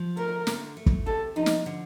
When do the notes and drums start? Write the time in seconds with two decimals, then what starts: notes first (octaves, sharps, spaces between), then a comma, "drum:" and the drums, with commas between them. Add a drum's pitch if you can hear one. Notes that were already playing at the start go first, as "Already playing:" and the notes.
Already playing: F3
0.17 A3 A#4
0.47 D3, drum: snare
0.77 A3
0.86 drum: kick
1.06 C3 A4
1.36 F3 D#4
1.46 drum: snare
1.66 D3